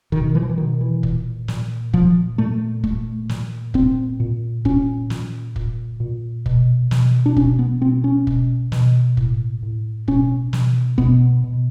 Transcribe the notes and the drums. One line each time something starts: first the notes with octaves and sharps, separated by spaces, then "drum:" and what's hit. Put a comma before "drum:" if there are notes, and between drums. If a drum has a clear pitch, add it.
B2 D#3, drum: kick
E3
F3
E3
B2 D#3
E3
A#2, drum: kick
A#2, drum: snare
A#2 F3, drum: kick
A#2 A3
A#2 A3, drum: kick
A#2, drum: snare
A#2 C4, drum: kick
A#2
A#2 C#4, drum: kick
A#2, drum: snare
A#2, drum: kick
A#2
B2, drum: kick
B2, drum: snare
D4
B2 C#4, drum: kick
B3
B2 C4
C#4
B2, drum: kick
B2, drum: snare
A2, drum: kick
A2
B2 C#4, drum: kick
B2, drum: snare
B2 B3, drum: kick
B2